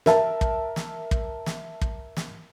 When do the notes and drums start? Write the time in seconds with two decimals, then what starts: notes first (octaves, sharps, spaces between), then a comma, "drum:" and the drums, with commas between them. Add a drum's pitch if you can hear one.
0.06 A#4 E5 A5, drum: snare
0.41 drum: kick
0.76 drum: snare
1.11 drum: kick
1.46 drum: snare
1.81 drum: kick
2.17 drum: snare